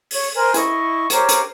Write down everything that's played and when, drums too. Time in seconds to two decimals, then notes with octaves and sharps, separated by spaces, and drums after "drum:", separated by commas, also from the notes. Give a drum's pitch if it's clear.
0.11 C#5, drum: open hi-hat
0.34 A#4 C5 G#5
0.54 E4 D#5 C#6, drum: hi-hat
1.10 G4 A#4 C5 C#5, drum: hi-hat
1.29 drum: hi-hat